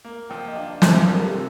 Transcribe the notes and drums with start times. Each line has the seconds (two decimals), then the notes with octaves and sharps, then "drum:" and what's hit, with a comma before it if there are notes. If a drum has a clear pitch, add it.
0.05 A#3
0.30 F3 G5
0.46 D#5
0.56 D4 F5
0.73 D#5
0.82 G2, drum: snare
0.90 C5
1.06 G3 A#4
1.19 A4
1.24 A#4
1.33 C3